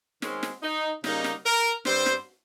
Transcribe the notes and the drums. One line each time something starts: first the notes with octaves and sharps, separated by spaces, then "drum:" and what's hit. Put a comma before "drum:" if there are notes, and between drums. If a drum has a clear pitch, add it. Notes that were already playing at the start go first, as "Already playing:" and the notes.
D#3 G#3 C4 C#4, drum: snare
drum: snare
D#4
C#3 G3 A#3 C#4 D#4, drum: snare
drum: snare
A#4
G2 G3 C4 C5, drum: snare
drum: snare